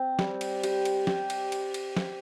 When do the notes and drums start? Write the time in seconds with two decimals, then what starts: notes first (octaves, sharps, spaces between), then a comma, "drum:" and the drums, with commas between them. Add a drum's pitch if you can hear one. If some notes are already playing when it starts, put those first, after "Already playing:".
Already playing: C4
0.19 G3, drum: snare
0.41 drum: cymbal
0.63 G4, drum: cymbal
0.85 drum: cymbal
1.07 G4, drum: snare
1.30 drum: cymbal
1.52 drum: cymbal
1.74 drum: cymbal
1.97 drum: snare